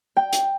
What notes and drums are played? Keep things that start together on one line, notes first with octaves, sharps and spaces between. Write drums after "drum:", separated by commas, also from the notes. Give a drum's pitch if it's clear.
G5
drum: hi-hat